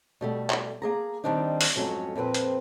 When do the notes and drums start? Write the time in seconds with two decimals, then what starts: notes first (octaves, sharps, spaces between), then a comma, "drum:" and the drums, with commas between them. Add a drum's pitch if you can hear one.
0.21 B2 G3 A3
0.50 drum: clap
0.82 A#3 G#4 A#5
1.24 D#3 E3 G3 C4 D4 D#4
1.61 drum: open hi-hat
1.76 F2 G#2 F#3 A3 C#4
2.16 F2 A#2 C4 B4
2.34 drum: hi-hat